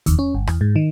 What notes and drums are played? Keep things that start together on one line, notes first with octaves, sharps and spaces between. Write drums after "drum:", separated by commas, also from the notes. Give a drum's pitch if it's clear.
D#2, drum: kick E2, hi-hat
C#4
G1
E2, drum: rim click
G#2
D#3